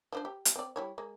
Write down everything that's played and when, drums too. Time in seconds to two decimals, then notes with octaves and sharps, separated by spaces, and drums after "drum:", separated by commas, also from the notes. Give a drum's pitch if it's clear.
0.12 F3 D4 C5
0.25 G4
0.45 drum: hi-hat
0.56 C4 D5
0.76 G3 E4 C#5
0.98 G#3 A#3